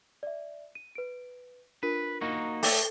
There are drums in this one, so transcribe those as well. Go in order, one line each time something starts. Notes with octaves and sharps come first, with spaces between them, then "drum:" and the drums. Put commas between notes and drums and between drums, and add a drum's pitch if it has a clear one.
D5 E5
D#7
B4 D7
D4 F4 A#4 B4
A#3 D#4 F#4
A3 G5 D6, drum: open hi-hat